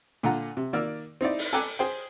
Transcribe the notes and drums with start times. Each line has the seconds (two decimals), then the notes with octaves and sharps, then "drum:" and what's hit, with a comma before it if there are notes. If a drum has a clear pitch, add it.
0.23 A#2 D3 F4 F#5 A#5
0.57 C3
0.73 D#3 A#3 D5 E6 F6
1.21 C4 D#4 E4 D5
1.39 drum: open hi-hat
1.53 A4 G5 G#5 A#5 D6 F#6
1.79 G#4 C5 G5